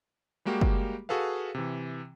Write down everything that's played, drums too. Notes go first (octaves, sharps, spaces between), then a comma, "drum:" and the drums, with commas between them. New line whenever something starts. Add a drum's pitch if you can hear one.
G3 G#3 A#3 F#4 G4
drum: kick
F#4 G#4 A4 B4 F5
C3 E3